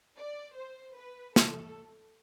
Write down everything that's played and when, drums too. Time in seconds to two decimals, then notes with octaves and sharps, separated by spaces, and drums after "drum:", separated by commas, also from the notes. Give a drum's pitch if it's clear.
0.17 D5
0.56 C5
0.96 B4
1.36 A4, drum: snare